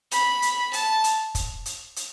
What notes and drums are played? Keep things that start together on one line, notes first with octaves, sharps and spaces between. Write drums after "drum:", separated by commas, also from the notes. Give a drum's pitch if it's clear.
B5, drum: hi-hat
drum: hi-hat
A5, drum: hi-hat
drum: hi-hat
drum: kick, hi-hat
drum: hi-hat
drum: hi-hat